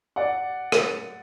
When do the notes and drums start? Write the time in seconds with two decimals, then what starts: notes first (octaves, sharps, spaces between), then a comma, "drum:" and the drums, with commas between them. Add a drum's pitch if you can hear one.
0.16 D5 F#5
0.72 drum: rim click